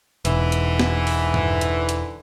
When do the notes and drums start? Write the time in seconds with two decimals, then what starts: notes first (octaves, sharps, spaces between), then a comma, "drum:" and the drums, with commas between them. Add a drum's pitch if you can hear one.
0.25 E1 G#2 D3 E3, drum: hi-hat
0.52 drum: hi-hat
0.79 drum: snare
1.07 drum: open hi-hat
1.34 drum: tom G2
1.61 drum: hi-hat
1.89 drum: hi-hat